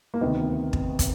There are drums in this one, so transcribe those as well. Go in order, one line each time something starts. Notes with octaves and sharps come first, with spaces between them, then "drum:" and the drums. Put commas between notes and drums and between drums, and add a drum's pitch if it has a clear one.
A#3
D2 C3 D#3 B3
drum: kick
drum: kick, hi-hat